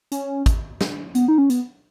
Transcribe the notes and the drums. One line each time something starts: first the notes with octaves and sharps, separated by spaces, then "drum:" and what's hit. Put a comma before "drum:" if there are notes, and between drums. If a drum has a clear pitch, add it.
C#4, drum: hi-hat
drum: kick, hi-hat
drum: snare
B3, drum: hi-hat
D#4
C#4
B3, drum: hi-hat